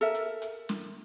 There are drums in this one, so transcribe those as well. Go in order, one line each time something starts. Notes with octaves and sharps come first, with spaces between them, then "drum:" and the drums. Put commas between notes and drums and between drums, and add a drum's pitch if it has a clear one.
A4 A#4 E5
drum: hi-hat
drum: hi-hat
drum: snare